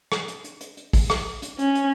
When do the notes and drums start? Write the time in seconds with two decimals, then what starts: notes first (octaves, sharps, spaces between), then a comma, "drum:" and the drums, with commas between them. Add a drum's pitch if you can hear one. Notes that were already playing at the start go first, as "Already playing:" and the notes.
0.12 drum: rim click
0.28 drum: hi-hat
0.44 drum: hi-hat
0.61 drum: hi-hat
0.77 drum: hi-hat
0.93 drum: kick, open hi-hat
1.10 drum: rim click
1.42 drum: hi-hat
1.59 C#4, drum: hi-hat
1.75 drum: hi-hat